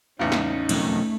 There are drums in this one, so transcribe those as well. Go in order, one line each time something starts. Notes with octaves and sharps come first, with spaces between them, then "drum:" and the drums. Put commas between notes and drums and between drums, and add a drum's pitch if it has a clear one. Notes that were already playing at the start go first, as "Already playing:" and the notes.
E2 A2 C#3 C#4 D#4
drum: snare
B1 F2 D#3 A3, drum: cymbal